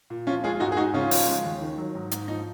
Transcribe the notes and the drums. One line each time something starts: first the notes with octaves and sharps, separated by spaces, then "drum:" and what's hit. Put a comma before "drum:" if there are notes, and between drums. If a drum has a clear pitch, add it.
A#2
F3 C#4 F4
G#3 F4 G#4
F4
G#2 D#4 F#4
G#4
G#2 D#4 F#4
C#3 C#4 F4
F3, drum: open hi-hat
G#3
D#2
D#3
F#3
G#2
G#2, drum: hi-hat
F3 D#4